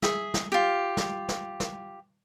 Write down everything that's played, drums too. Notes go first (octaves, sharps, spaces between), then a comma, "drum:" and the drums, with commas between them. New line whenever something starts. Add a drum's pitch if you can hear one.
G#4 E5, drum: snare
drum: snare
F4 G4
drum: snare
drum: snare
drum: snare